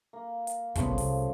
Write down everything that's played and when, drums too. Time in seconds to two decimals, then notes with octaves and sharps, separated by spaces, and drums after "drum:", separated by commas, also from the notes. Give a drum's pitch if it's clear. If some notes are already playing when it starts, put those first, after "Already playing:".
0.13 A#3
0.47 drum: hi-hat
0.75 D1 C2 C#3 F3 A3 B3, drum: kick, hi-hat
0.98 C2, drum: open hi-hat